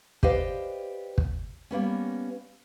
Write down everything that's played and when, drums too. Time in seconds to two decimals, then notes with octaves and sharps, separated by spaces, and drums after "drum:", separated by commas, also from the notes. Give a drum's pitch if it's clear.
0.23 G4 B4 C5 D5 D#5 F5, drum: kick
1.18 drum: kick
1.71 G3 A#3 B3 C#4